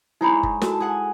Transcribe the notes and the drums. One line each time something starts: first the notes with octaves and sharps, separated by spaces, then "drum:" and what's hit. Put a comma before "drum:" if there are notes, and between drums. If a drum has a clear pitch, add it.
G#3 D#4 E4 C5 C#5 B5
drum: kick F#1
F#4 A4 A#4 A5, drum: snare
G#4 F#5 G#5